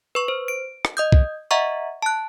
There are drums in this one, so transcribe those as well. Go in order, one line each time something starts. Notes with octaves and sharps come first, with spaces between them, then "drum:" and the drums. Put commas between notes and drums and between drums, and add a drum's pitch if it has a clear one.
B4 C#6
C5
D7
drum: rim click
D#5 D#6 G6
drum: kick
D#5 E5 F#5 A#5 C#6
A5 F#6